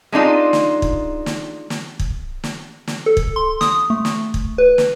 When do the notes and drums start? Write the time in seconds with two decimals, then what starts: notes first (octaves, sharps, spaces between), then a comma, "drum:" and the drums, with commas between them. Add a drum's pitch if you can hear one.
0.12 G#3 D4 D#4 F4
0.53 drum: snare
0.82 drum: kick
1.26 drum: snare
1.70 drum: snare
1.99 drum: kick
2.43 drum: snare
2.87 drum: snare
3.06 A4
3.17 drum: kick
3.36 C6
3.61 D#6, drum: snare
3.90 A3
4.05 drum: snare
4.34 drum: kick
4.58 B4
4.78 drum: snare